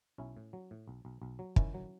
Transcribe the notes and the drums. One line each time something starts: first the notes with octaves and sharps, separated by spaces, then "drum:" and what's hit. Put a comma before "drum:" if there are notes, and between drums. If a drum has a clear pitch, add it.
B1 C#4 E4
A2
F#3
A2
B1
B1
B1
F#3
D#3 C#4 E4, drum: kick
F#3